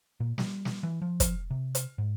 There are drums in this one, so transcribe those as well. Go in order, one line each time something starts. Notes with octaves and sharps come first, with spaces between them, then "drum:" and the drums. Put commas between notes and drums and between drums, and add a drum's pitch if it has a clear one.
A#2
G3, drum: snare
drum: snare
E3
F3
drum: kick, hi-hat
C3
drum: hi-hat
G#2